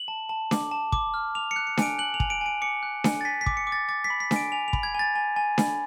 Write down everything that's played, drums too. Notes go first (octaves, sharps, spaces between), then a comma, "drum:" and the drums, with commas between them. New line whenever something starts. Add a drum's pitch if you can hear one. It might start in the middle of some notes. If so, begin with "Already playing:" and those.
Already playing: F#7
A5
A5
D6, drum: snare D4
A5
D6, drum: kick
F6
D6 F7
C#7
F#6
C#7
G#5 D7, drum: snare D4
F#6 F#7
F7
G#5, drum: kick
D7
G#5 D7
D6 C#7
F#6
G#5, drum: snare D4
A6
G#5 B6
B6
D6, drum: kick
C#7
D6
A6
D6 A6
B6
B5
B6
G#5, drum: snare D4
D7
G#5 F7
F7
B5, drum: kick
G#6
G#5 A6
G#5
G#5
B5, drum: snare D4